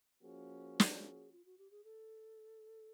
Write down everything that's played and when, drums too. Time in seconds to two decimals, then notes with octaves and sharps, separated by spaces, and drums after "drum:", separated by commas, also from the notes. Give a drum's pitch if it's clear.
0.22 F3 A#3 C#4 F#4 G#4
0.80 drum: snare
1.32 F4
1.45 F#4
1.58 G4
1.71 G#4
1.84 A4